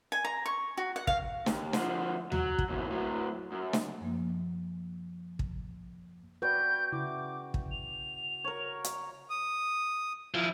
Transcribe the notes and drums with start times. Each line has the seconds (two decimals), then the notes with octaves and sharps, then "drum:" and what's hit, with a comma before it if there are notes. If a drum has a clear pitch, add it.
0.12 G#5
0.25 A#5
0.46 C#6
0.77 F#4
0.96 F#5
1.07 F5, drum: kick
1.46 D#2, drum: snare
1.73 D3 F3, drum: snare
2.32 F#3, drum: tom D#2
2.59 drum: kick
2.69 D#2 B2
2.90 A2 F#3
3.52 F#2
3.73 drum: snare
4.01 F#2 F3 A#3
5.39 drum: kick
6.42 F#4 B4 D5 G5 G6
6.92 C#3 E4 D6
7.54 drum: kick
7.71 F7
8.44 A#4 C#5
8.84 drum: hi-hat
9.30 D#6
10.34 F3 E4